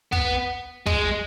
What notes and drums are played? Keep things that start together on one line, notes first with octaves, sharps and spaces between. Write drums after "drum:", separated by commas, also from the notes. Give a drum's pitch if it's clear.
B3, drum: kick
G#3, drum: kick